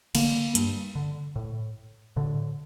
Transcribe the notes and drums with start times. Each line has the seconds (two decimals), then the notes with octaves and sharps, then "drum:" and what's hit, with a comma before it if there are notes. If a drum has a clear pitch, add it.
0.15 D3 A#3, drum: cymbal
0.55 G2, drum: hi-hat
0.95 D3
1.36 A2
2.16 A2 D3